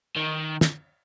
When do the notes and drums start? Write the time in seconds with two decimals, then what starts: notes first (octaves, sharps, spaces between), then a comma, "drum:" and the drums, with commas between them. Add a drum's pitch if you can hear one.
0.16 D#3
0.61 drum: snare